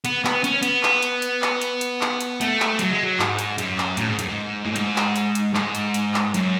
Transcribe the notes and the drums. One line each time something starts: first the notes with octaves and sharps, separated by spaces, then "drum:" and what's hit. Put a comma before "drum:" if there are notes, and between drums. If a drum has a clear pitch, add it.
B3, drum: hi-hat
B3, drum: clap
C#4, drum: hi-hat
B3, drum: hi-hat
drum: clap
drum: hi-hat
drum: hi-hat
drum: clap
drum: hi-hat
drum: hi-hat
drum: clap
drum: hi-hat
A3, drum: hi-hat
drum: clap
F#3, drum: hi-hat
G#3
F#3
G#2, drum: clap
drum: hi-hat
F#2, drum: hi-hat
drum: clap
A2, drum: hi-hat
G#2
F#2, drum: hi-hat
G#2
A2
G#2, drum: hi-hat
drum: clap
drum: hi-hat
drum: hi-hat
G#2, drum: clap
drum: hi-hat
drum: hi-hat
drum: clap
F#2, drum: hi-hat